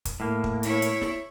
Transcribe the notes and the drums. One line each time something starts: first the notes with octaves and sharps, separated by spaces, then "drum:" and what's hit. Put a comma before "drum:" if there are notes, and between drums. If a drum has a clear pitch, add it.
drum: kick, hi-hat
A2 A#3
drum: kick
E4 C#5, drum: hi-hat
drum: hi-hat
drum: snare